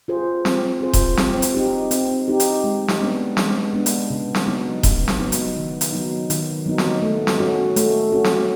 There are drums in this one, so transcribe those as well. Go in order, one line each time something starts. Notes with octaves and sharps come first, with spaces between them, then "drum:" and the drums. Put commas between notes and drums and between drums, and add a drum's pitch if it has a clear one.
F4 G#4 C5
C4, drum: snare
F4 G#4 C5
drum: kick D#1, hi-hat
C4, drum: snare
drum: hi-hat
D#4 G4
C4, drum: hi-hat
D#4 G4
drum: hi-hat
G#3
drum: snare
B3 D4
G#3, drum: snare
B3 D4
drum: hi-hat
C#3
drum: snare
F#3 B3 D#4
C#3, drum: kick D#1, hi-hat
drum: snare
F#3 B3 D#4
drum: hi-hat
D#3
drum: hi-hat
F#3 B3 D#4
D#3, drum: hi-hat
F#3 B3 D#4
drum: snare
A3
drum: snare
C#4 F#4
A3, drum: hi-hat
C#4 F#4
drum: snare